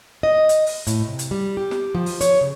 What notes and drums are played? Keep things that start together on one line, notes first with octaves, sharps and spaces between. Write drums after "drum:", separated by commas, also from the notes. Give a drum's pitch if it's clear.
D#5
drum: hi-hat
drum: open hi-hat
A2, drum: hi-hat
C3
drum: hi-hat
G3
G4
drum: snare
F3
drum: open hi-hat
C#5, drum: hi-hat
C#3